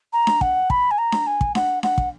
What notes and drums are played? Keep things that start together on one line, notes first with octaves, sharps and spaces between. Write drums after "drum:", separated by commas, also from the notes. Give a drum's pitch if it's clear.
A#5
drum: snare D4
F#5, drum: kick
B5, drum: kick
G#5
A#5
drum: snare D4
G#5
drum: kick
F#5, drum: snare D4
F#5, drum: snare D4
drum: kick